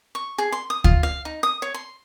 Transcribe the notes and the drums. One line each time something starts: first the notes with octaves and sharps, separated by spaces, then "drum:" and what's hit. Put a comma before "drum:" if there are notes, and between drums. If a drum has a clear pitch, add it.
C#6
G#4
C6
D#6
F4, drum: kick D2
F5
D#4
D#6
C#5
C6